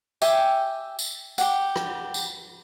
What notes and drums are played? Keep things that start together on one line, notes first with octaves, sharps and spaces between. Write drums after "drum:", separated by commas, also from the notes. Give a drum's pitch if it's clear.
G4 E5 G5 G#5, drum: tambourine
drum: tambourine
G4 F#5, drum: tambourine
drum: rim click
drum: tambourine